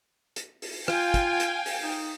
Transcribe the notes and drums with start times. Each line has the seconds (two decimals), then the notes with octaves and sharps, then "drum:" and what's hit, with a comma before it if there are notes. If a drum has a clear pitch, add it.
0.36 drum: hi-hat
0.62 drum: open hi-hat
0.88 F4 F5 G5 G#5, drum: rim click
1.14 drum: kick, hi-hat
1.40 drum: hi-hat
1.66 drum: open hi-hat
1.83 D#4